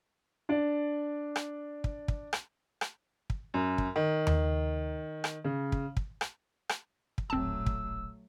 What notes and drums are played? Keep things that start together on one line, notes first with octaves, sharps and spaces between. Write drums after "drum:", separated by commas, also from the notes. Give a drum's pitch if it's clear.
D4 D5
drum: rim click
drum: kick
drum: kick
drum: rim click
drum: rim click
drum: kick
F#2
drum: kick
D#3
drum: tom D#2
drum: rim click
C#3
drum: kick
drum: kick
drum: rim click
drum: rim click
drum: kick
D#1 A1 F#3 A3 C4 A5 E6
drum: kick